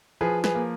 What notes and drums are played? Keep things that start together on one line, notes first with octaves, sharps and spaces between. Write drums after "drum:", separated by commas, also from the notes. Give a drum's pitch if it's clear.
F3 G#4 B4
G#4 B4, drum: snare
A#3